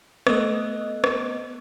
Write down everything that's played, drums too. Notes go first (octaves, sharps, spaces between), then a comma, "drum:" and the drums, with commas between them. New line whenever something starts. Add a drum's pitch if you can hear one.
A3 B3 D#5, drum: rim click
drum: rim click